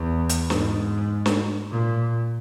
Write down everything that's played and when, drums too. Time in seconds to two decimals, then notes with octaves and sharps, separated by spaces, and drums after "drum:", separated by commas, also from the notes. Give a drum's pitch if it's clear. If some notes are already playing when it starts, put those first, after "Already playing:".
Already playing: E2
0.29 drum: hi-hat
0.50 G#2, drum: snare
1.26 drum: snare
1.71 A#2